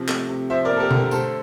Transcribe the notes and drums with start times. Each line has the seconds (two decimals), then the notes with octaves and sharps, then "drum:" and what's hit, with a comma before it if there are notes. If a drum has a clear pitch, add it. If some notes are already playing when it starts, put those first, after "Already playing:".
Already playing: C3 F3
0.08 A3, drum: clap
0.29 C3
0.50 F3 C5 E5
0.65 A#4 D5
0.70 A#3
0.77 A4
0.80 G4 A#4
0.91 D3, drum: tom B2
0.96 G4 A#4
1.11 A3 A4 C5, drum: tambourine